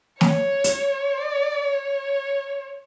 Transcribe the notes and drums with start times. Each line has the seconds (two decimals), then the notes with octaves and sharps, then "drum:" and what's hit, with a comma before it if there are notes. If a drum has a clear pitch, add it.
0.21 C#5, drum: snare
0.64 drum: hi-hat
1.17 D5
1.65 C#5